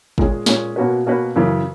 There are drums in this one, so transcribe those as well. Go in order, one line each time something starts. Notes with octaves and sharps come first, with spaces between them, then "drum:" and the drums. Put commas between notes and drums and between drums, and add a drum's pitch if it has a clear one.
A#2 G#3 C#4 G#4, drum: kick
A#2 G#3 C#4 G#4, drum: snare
B2 A#3 C#4 F#4 B4
B2 A#3 C#4 F#4 B4
F#2 C#3 E3